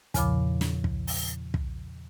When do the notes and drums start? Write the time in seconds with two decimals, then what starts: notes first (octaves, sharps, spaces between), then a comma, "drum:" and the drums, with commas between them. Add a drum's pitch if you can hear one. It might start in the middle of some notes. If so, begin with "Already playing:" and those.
0.14 E2 A#2 C#3 F3 B5 D6, drum: kick, hi-hat
0.61 drum: snare
0.84 drum: kick
1.07 drum: open hi-hat
1.54 drum: kick